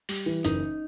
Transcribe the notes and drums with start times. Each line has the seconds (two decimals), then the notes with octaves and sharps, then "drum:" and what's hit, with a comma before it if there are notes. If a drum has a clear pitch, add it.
0.09 G3, drum: open hi-hat
0.26 E3
0.45 F#1 D#4, drum: hi-hat